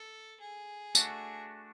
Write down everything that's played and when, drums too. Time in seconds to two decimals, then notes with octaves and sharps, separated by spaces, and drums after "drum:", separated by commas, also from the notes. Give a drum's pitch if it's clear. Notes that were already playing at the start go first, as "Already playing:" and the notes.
Already playing: A4
0.41 G#4
0.95 A3 D4 F#4, drum: tambourine